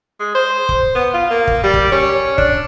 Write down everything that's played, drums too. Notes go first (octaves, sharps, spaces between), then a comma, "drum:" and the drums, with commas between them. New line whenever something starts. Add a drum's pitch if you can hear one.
G#3
C5
drum: kick
B3
F4
A#3
drum: kick
G3
drum: kick
C#4
D4, drum: kick